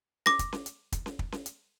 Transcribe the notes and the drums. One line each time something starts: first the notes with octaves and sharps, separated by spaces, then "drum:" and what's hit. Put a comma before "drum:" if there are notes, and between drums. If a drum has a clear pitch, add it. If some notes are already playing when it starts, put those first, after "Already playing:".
D6 A#6, drum: snare C#4
drum: kick, hi-hat
drum: snare C#4
drum: hi-hat
drum: kick, hi-hat
drum: snare C#4
drum: kick
drum: snare C#4
drum: hi-hat